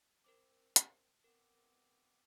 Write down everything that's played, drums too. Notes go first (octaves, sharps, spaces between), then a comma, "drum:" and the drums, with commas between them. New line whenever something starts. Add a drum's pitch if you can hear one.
C4 A#4 C5 D6
drum: hi-hat
B3 C4 A#4 D6